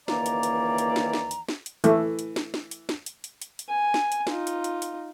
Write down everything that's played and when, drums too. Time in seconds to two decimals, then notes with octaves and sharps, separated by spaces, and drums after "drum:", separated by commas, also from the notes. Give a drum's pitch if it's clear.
0.08 C#2 D#3 E3 A#3 D5 A#5, drum: snare
0.26 drum: hi-hat
0.43 drum: hi-hat
0.78 drum: hi-hat
0.96 drum: snare
1.13 drum: snare
1.31 drum: hi-hat
1.49 drum: snare
1.66 drum: hi-hat
1.84 E3 A3, drum: hi-hat
2.19 drum: hi-hat
2.36 drum: snare
2.54 drum: snare
2.71 drum: hi-hat
2.89 drum: snare
3.06 drum: hi-hat
3.24 drum: hi-hat
3.42 drum: hi-hat
3.59 drum: hi-hat
3.68 G#5
3.94 drum: snare
4.12 drum: hi-hat
4.27 D#4 F4, drum: snare
4.47 drum: hi-hat
4.64 drum: hi-hat
4.82 drum: hi-hat